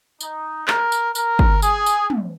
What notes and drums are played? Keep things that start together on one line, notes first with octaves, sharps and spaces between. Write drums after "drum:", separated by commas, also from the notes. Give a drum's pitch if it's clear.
D#4, drum: tambourine
A#4, drum: clap
drum: tambourine
A#4, drum: tambourine
drum: kick
G#4, drum: tambourine
drum: tambourine
drum: tom